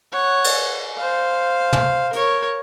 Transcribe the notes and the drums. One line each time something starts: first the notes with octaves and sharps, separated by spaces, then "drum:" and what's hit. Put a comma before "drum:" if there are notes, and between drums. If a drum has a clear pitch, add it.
C#5 F#5
drum: cymbal
C5 F5
drum: tom
A#4 C#5, drum: hi-hat